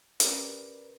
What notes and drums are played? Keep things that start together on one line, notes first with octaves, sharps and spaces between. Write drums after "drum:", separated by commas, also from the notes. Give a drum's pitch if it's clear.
C4 C#4 G4 A#4 B4 D5, drum: hi-hat